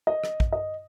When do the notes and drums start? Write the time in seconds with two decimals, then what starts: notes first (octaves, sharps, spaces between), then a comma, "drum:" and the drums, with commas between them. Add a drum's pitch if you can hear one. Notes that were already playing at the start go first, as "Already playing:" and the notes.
0.07 D#5
0.24 drum: rim click
0.40 drum: kick
0.52 D#5